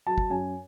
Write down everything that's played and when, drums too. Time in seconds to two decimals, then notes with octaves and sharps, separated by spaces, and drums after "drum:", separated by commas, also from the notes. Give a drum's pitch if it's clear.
0.06 F#3 A5
0.18 drum: kick
0.30 F#2 G#5